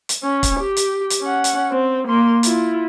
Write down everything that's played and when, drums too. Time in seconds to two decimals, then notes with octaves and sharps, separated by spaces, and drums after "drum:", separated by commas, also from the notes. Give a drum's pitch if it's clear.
0.09 drum: hi-hat
0.23 C#4
0.43 drum: kick, hi-hat
0.60 G4
0.77 drum: hi-hat
1.10 drum: hi-hat
1.22 C#4 F#5
1.44 drum: hi-hat
1.70 C4
2.08 A#3 C6
2.43 E4 F4, drum: hi-hat